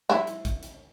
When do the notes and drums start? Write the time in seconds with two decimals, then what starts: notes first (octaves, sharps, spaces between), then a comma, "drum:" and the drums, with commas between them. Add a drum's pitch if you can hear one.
0.10 E4, drum: snare
0.27 drum: hi-hat
0.45 drum: kick, hi-hat
0.63 drum: hi-hat